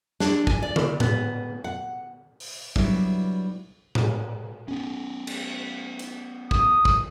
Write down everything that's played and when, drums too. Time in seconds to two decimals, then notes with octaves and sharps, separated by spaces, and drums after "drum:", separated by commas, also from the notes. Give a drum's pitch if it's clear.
0.20 D4, drum: snare
0.47 G#5, drum: kick
0.62 D5
0.76 drum: tom D3
1.00 B3, drum: tom A2
1.64 F#5
2.40 drum: open hi-hat
2.76 F#3 G3 B3 D4 E4, drum: kick
3.95 drum: tom A2
4.68 B3 C#4
5.27 drum: cymbal
5.99 drum: hi-hat
6.51 D#6, drum: kick
6.85 drum: kick